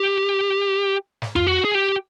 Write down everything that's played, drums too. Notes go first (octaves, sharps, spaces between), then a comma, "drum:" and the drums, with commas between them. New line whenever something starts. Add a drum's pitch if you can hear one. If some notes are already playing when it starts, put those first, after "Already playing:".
Already playing: G4
drum: snare
F4, drum: tom F2
F#4
G#4
G4